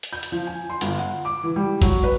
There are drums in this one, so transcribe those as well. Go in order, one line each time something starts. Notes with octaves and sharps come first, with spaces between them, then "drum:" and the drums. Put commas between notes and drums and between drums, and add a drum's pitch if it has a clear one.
drum: hi-hat
G6
drum: hi-hat
F3
G#5
C6
G1, drum: hi-hat
F#5
D6
E3
G3
F#3, drum: kick G1, hi-hat
B4